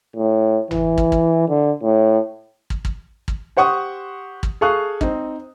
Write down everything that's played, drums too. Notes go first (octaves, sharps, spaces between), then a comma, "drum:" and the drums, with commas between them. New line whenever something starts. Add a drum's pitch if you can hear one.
A2
E3, drum: tom
drum: kick
drum: kick
D3
A2
drum: kick
drum: kick
drum: kick
G4 C5 F#5 C#6 D#6
drum: kick
G#4 A4 F5 C#6 D#6 F#6
C4 D#4, drum: kick